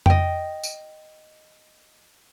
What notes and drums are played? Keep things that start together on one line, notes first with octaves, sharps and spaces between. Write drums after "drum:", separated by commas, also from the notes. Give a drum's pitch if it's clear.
D#5 G5, drum: tom F2
drum: tambourine